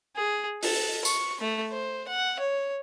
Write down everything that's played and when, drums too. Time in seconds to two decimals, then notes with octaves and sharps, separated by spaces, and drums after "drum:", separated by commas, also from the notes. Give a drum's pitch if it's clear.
0.16 G#4
0.63 A4, drum: open hi-hat
1.05 C#6, drum: tambourine
1.41 A3
1.72 C5
2.08 F#5
2.40 C#5